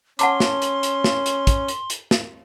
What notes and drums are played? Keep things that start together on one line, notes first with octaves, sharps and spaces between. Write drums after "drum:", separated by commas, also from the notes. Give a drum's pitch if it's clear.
C#4 F#5 A5 C6 D6, drum: hi-hat
drum: snare
drum: hi-hat
drum: hi-hat
drum: snare
drum: hi-hat
drum: kick, hi-hat
drum: hi-hat
drum: hi-hat
drum: snare